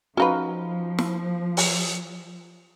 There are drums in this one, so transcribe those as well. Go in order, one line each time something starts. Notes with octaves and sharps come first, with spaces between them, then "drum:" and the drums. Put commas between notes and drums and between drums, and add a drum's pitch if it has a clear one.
F3 C#4 D#4 F#4 B4 C5 F5
drum: snare
drum: open hi-hat